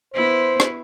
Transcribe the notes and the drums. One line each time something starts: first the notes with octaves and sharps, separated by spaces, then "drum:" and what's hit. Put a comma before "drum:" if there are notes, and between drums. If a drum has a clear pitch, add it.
B3 E4 C5
drum: rim click